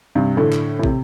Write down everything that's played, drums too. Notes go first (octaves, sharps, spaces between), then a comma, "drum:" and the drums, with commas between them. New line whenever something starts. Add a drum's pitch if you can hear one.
G2 C3
A2 D3
drum: clap
A2
C3, drum: kick